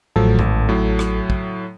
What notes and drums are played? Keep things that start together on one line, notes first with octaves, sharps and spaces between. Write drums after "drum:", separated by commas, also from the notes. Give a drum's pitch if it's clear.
A1 F3 F#3 A3 A4
G#1, drum: kick
A2 F#3
drum: rim click
drum: kick